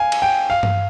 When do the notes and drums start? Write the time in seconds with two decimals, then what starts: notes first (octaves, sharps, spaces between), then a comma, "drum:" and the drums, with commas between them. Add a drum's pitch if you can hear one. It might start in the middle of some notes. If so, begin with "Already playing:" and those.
Already playing: F5 G#5
0.12 drum: cymbal
0.22 G5
0.50 F5
0.63 drum: tom G2